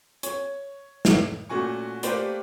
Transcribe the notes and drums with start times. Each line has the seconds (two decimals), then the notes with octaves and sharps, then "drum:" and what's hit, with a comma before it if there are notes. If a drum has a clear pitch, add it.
0.23 C#5, drum: hi-hat
1.05 drum: snare
1.49 A#2 A3 C#4 F#4 G#5 C#6
2.03 A3 A#3 G4 B4 C5 D5, drum: hi-hat